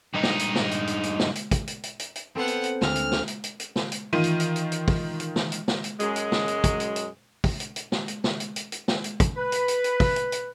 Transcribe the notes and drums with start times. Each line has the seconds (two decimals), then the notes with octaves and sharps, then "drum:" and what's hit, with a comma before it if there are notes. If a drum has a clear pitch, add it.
0.14 G2 D#4
0.23 drum: snare
0.39 drum: hi-hat
0.55 drum: snare
0.71 drum: hi-hat
0.87 drum: hi-hat
1.03 drum: hi-hat
1.19 drum: snare
1.35 drum: hi-hat
1.51 drum: kick, hi-hat
1.67 drum: hi-hat
1.83 drum: hi-hat
1.99 drum: hi-hat
2.15 drum: hi-hat
2.35 B3 C4 A4 C5 F#5
2.48 drum: hi-hat
2.64 drum: hi-hat
2.81 D2 F6, drum: snare
2.96 drum: hi-hat
3.12 drum: snare
3.28 drum: hi-hat
3.44 drum: hi-hat
3.60 drum: hi-hat
3.76 drum: snare
3.92 drum: hi-hat
4.13 D#3 E3 F4 D#7
4.24 drum: hi-hat
4.40 drum: hi-hat
4.56 drum: hi-hat
4.72 drum: hi-hat
4.88 drum: kick, open hi-hat
5.20 drum: hi-hat
5.36 drum: snare
5.52 drum: hi-hat
5.68 drum: snare
5.84 drum: hi-hat
6.00 F#2 F#3 G#3, drum: hi-hat
6.16 drum: hi-hat
6.32 drum: snare
6.48 drum: hi-hat
6.64 drum: kick, hi-hat
6.80 drum: hi-hat
6.96 drum: hi-hat
7.44 drum: kick, open hi-hat
7.60 drum: hi-hat
7.76 drum: hi-hat
7.92 drum: snare
8.08 drum: hi-hat
8.24 drum: snare
8.40 drum: hi-hat
8.56 drum: hi-hat
8.72 drum: hi-hat
8.88 drum: snare
9.04 drum: hi-hat
9.20 drum: kick, hi-hat
9.37 B4
9.52 drum: hi-hat
9.68 drum: hi-hat
9.84 drum: hi-hat
10.00 drum: kick, open hi-hat
10.16 drum: hi-hat
10.32 drum: hi-hat